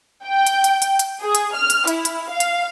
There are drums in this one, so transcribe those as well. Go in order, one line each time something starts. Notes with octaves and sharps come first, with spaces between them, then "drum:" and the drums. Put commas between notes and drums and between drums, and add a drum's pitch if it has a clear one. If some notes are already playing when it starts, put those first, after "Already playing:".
G5
drum: hi-hat
drum: hi-hat
drum: hi-hat
drum: hi-hat
G#4
drum: hi-hat
F6
drum: hi-hat
E4, drum: hi-hat
drum: hi-hat
F5
drum: hi-hat